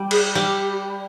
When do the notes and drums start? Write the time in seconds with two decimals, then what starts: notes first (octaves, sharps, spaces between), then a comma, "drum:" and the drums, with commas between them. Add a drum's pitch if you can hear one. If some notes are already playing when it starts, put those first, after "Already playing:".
Already playing: G3
0.11 G#4, drum: cymbal
0.35 G3 G4